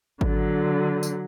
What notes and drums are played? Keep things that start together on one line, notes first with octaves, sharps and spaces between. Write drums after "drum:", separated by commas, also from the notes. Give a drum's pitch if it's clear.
D3 F#3, drum: kick G#1
drum: tambourine